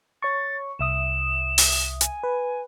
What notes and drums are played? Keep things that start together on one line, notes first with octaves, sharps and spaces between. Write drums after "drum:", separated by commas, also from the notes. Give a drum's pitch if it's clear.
C#5 C#6 A6
C2 E5 D#6 E7
drum: open hi-hat
G#5, drum: hi-hat
B4